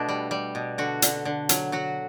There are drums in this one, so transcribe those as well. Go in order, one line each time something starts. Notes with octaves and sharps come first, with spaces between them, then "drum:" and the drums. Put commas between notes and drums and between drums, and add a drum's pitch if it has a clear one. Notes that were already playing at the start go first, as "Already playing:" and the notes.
Already playing: B2 A3 B3 D4
G3
G3
B2
D3 F#4
D3, drum: hi-hat
D3
F#3, drum: hi-hat
F#3 F#4